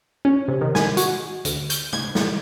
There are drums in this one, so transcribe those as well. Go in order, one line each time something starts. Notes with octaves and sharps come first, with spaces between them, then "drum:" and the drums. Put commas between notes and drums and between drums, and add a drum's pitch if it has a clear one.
C#4
C3
D#3
G#5, drum: snare
F#4, drum: hi-hat
D2, drum: hi-hat
G6, drum: hi-hat
G#6, drum: tom
drum: snare